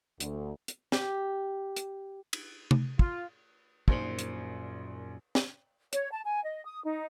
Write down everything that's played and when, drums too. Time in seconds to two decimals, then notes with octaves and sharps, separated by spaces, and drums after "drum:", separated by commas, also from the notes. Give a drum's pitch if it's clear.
0.20 D2, drum: hi-hat
0.68 drum: hi-hat
0.92 G4, drum: snare
1.76 drum: hi-hat
2.33 drum: cymbal
2.71 drum: tom C3
2.99 F4, drum: kick
3.88 A#1 F#2 A#2 D#3 C5, drum: kick
4.19 drum: hi-hat
5.35 drum: snare
5.93 C#5, drum: hi-hat
6.11 A5
6.24 G#5
6.44 D#5
6.65 D#6
6.83 D#4